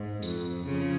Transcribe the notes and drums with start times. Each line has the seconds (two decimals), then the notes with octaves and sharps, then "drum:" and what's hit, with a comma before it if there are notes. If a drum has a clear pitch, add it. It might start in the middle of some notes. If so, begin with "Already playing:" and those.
Already playing: G#2
0.22 F2, drum: tambourine
0.66 C#3 F3